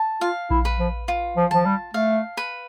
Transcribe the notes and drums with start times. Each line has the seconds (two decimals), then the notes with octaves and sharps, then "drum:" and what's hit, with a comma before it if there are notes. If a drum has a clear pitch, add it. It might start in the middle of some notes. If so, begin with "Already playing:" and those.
Already playing: A5
0.21 F4 F5
0.51 E4, drum: kick A#1
0.65 B4
0.79 F3
1.08 F4
1.37 F3
1.51 F3 A5, drum: tom D#3
1.66 G3
1.94 A3 F5
2.37 B4